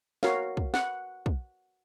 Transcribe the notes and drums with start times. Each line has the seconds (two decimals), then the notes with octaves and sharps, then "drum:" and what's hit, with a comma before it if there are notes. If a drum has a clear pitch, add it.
0.23 F#4 A#4 C#5 F5, drum: snare
0.57 drum: kick
0.74 F#5, drum: snare
1.26 drum: kick